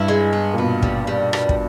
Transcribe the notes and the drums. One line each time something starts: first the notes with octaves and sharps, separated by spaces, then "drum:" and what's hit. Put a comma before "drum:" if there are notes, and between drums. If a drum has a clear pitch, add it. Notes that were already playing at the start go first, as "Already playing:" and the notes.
Already playing: G2 E4
G#3
B3
A#2
B2 B3
G3, drum: kick
G3
G3, drum: rim click
drum: kick